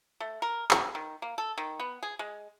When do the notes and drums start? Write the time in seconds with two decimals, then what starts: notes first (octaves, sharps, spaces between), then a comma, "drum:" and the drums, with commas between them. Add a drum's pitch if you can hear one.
0.20 A3
0.42 A#4
0.71 C#6, drum: clap
0.95 D#3
1.22 A#3
1.38 A4
1.58 D#3
1.80 B3
2.03 G#4
2.19 G#3